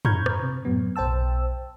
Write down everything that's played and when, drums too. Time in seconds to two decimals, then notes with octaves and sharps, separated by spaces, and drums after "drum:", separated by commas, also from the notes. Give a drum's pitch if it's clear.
0.05 A#5 B5 C#6 F6 G6 G#6, drum: tom
0.26 drum: rim click
0.43 C3
0.65 F#2 A2 F#3 B3
0.96 B1 C5 G5 A5 E6